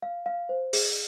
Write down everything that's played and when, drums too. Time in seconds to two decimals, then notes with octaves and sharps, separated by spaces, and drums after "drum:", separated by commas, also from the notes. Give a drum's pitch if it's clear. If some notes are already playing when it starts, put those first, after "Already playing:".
0.02 F5
0.26 F5
0.49 C5
0.73 G#4, drum: open hi-hat